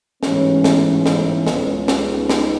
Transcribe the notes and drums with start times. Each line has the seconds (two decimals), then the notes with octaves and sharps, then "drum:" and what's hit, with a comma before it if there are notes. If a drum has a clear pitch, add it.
0.23 A1 G#2 E3 G#3 B3 C#4, drum: snare
0.64 drum: snare
0.85 C#4
1.06 drum: snare
1.47 C#2 C#3 G#3 B3, drum: snare
1.88 drum: snare
2.09 D#4
2.29 drum: snare